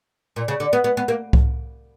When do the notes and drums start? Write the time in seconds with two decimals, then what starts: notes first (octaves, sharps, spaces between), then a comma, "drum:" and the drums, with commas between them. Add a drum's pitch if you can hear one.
0.36 A#2
0.48 C#3
0.60 D3
0.73 B3
0.84 B3
0.97 B3
1.08 A#3
1.33 drum: kick C2